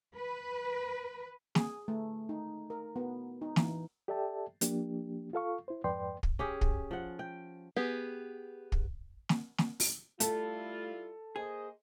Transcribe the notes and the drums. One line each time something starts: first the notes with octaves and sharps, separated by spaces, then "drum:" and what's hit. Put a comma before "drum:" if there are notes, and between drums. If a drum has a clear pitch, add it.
B4
G#4, drum: snare
A3
D#4
A#4
B3
D#4
E3, drum: snare
G4 A4 D5 E5 G5 A5
F3 A#3 D4 G4, drum: hi-hat
F4 A4 F5 C#6
E4 C5
F2 G#2 B4 D5 G5 C6
drum: kick
C#4 G4 G#4
drum: kick
F3 F#5
G5
B3 G4 G#4
drum: kick
drum: snare
drum: snare
drum: open hi-hat
G3 A3 E4 F4 A4, drum: hi-hat
A#3 G#4 C5 D#5